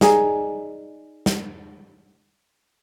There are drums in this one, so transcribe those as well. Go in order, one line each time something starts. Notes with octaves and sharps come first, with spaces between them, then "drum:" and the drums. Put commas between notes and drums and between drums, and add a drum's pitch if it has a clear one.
D#4 G#4 D5 G#5, drum: snare
drum: snare